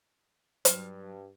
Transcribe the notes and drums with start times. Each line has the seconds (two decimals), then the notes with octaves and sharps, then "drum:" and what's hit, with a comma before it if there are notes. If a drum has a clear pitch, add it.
0.65 G2 F#3, drum: hi-hat